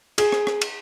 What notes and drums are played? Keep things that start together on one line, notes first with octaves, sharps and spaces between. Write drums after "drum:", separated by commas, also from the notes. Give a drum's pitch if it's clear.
G#4, drum: cymbal
drum: rim click
drum: rim click
drum: cymbal